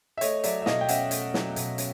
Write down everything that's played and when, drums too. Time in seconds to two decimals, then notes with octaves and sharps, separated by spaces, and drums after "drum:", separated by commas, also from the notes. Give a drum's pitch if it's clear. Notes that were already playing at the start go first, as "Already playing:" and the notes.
0.18 E5
0.21 A3 C#5 D#5, drum: hi-hat
0.44 F#3 D5 E5, drum: hi-hat
0.62 E5
0.66 B2 D#5 F5, drum: snare
0.81 G5
0.89 C#4 E5 F#5, drum: hi-hat
1.11 A3, drum: hi-hat
1.34 F#3, drum: snare
1.56 B2, drum: hi-hat
1.78 C#4, drum: hi-hat